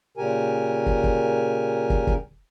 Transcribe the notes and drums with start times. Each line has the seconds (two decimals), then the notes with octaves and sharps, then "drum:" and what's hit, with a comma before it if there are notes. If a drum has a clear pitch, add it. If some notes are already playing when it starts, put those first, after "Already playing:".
0.17 A#2 C#3 G4 A#4 G#5
0.86 drum: kick
1.04 drum: kick
1.90 drum: kick
2.07 drum: kick